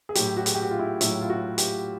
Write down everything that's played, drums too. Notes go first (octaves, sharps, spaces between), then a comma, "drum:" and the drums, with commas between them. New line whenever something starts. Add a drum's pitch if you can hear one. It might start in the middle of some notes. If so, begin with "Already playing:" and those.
G#4
A2 F#3 G4, drum: hi-hat
F#4
G#4, drum: hi-hat
G4
F#4
F4
E4
A2 F#3 E4, drum: hi-hat
F4
F#4
G4, drum: hi-hat